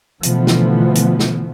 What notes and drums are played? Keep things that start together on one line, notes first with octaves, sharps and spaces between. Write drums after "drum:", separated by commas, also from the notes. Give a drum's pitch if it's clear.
B2 D3 E3 F3 A3 B3, drum: hi-hat
drum: snare
drum: hi-hat
drum: snare